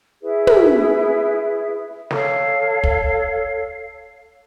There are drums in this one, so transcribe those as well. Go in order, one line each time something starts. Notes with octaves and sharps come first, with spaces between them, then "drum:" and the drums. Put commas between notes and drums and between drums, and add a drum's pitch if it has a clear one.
E4 G#4 B4 E5
drum: tom
A4 C#5 F5, drum: snare
drum: kick